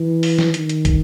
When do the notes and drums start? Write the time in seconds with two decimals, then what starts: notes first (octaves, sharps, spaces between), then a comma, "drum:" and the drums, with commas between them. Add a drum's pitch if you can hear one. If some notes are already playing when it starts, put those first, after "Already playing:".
Already playing: E3
0.23 drum: open hi-hat
0.38 drum: snare
0.54 D#3, drum: hi-hat
0.69 drum: hi-hat
0.85 drum: kick, hi-hat